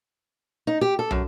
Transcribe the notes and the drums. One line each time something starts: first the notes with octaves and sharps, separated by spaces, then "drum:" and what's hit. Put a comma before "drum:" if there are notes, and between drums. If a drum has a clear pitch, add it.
D#4
G4
A4
F#2, drum: tom